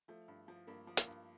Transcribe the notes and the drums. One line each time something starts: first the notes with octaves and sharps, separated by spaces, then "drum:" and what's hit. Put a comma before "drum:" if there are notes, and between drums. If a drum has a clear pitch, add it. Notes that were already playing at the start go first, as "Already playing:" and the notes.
F3 A3
G2
F3
G2 A#3
F3
A#3, drum: hi-hat
G2